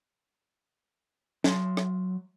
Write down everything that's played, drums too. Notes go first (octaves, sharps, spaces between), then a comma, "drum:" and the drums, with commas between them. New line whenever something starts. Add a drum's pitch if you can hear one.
F#3 C6, drum: snare
drum: rim click